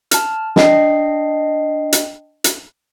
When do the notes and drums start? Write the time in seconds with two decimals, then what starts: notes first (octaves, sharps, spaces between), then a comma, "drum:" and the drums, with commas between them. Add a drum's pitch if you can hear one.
0.11 A5 F6, drum: hi-hat
0.56 D4 D#5 G5 C7, drum: snare
1.93 drum: hi-hat
2.44 drum: hi-hat